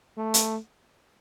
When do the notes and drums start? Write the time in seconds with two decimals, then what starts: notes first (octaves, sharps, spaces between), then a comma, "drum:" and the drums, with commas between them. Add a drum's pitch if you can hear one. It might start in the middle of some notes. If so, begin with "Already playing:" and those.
0.17 A3
0.34 drum: hi-hat